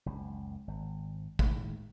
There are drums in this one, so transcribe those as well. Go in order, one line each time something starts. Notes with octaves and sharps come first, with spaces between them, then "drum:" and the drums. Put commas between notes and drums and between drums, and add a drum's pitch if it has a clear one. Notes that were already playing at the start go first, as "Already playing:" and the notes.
F#1 C#2
G#1
A2 D#3 G#3, drum: kick